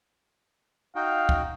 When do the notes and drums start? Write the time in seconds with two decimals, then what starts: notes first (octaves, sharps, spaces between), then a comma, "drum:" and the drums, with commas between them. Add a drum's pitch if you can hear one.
0.96 D#4 F#4 F5 G5
1.29 drum: kick